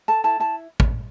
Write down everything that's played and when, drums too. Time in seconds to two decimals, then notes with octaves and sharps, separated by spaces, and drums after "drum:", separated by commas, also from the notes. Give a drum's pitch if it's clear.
0.08 A4 A5
0.24 E4 A5
0.40 E4 A5
0.80 drum: kick